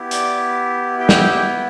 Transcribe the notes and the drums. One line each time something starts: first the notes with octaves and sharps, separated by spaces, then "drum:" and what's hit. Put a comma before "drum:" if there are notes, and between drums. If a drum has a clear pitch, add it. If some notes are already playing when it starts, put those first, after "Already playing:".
Already playing: B3 E4 G4
D5 D6, drum: hi-hat
G4 G5
drum: snare